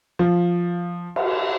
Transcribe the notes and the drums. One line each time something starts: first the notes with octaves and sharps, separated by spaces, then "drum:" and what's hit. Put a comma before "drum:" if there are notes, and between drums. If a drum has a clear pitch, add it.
F3
drum: cymbal